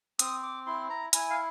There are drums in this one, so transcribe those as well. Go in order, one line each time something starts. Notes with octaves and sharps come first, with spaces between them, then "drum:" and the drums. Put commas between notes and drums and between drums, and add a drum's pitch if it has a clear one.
C4 D#6, drum: hi-hat
D6
E4 C6
A#5
E4 G#5, drum: hi-hat
F5